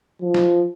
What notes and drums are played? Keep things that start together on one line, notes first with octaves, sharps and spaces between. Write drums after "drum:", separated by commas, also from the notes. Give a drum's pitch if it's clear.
F3
drum: snare